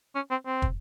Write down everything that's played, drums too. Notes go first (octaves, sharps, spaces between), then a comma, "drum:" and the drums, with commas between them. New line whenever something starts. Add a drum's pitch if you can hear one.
C#4
C4
C4
drum: kick